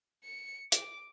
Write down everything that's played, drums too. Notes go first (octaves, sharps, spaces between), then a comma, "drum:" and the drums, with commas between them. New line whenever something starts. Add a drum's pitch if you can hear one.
C#7
D6, drum: hi-hat